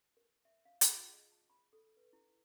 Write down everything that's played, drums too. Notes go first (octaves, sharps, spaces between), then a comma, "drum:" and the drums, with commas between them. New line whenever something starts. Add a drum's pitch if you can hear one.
A#4
E5
F5
G#4, drum: hi-hat
F4
D#5
A5
B5
A4
B4
E4